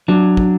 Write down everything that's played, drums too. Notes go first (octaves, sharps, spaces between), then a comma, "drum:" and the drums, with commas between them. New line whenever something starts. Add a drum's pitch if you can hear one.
F#3 D4
drum: kick